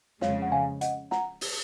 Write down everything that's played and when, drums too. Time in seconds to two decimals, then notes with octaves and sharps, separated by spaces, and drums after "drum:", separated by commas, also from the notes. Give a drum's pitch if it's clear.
0.21 F2 C#3 G#3 C#5 F5, drum: snare
0.42 F#5
0.52 F5 G#5
0.81 D#5 F#5, drum: hi-hat
1.11 F#5 A#5, drum: snare
1.41 drum: open hi-hat